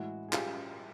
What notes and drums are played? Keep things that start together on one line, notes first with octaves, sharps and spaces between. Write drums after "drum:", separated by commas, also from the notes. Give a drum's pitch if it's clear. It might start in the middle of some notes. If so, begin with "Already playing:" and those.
Already playing: A2 E3 G#3 E4 F#4
G#4
F4 G4, drum: clap